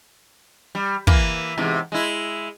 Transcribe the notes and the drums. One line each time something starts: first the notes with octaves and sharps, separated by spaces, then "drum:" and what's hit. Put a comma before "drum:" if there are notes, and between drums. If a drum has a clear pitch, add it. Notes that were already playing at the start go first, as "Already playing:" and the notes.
G3
E3 A#3, drum: kick
E2 G#2 C3
G#3 E4